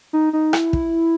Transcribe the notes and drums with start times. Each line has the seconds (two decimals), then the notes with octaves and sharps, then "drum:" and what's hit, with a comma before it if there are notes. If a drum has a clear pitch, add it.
0.13 D#4
0.33 D#4
0.53 E4, drum: rim click
0.73 drum: kick